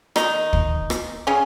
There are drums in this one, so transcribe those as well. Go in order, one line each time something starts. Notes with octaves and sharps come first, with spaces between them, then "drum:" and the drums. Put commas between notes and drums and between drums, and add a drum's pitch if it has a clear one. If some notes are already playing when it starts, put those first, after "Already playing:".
D#3 D#4, drum: rim click
drum: kick
drum: rim click
C#3 C#4